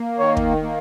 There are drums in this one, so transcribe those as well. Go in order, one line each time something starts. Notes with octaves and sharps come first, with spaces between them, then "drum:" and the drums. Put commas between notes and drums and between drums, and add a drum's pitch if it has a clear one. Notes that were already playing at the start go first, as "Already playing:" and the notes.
Already playing: A#3
D#3 C#5
drum: kick
A#3